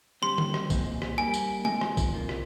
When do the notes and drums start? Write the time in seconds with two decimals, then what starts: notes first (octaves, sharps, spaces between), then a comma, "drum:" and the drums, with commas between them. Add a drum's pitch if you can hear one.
0.22 D3 G3 C4 G4 C6
0.38 drum: tom D3
0.54 drum: rim click
0.70 A#2 G#3 C4, drum: kick, tambourine
1.02 drum: rim click
1.18 G3 A#3 D#4 G4 G#5
1.34 drum: tambourine
1.65 C3 F3 G#3 D#4 G#5, drum: tom G#3
1.81 drum: rim click
1.97 drum: kick, tambourine
2.14 C3 D#3 A#3 F4
2.29 drum: rim click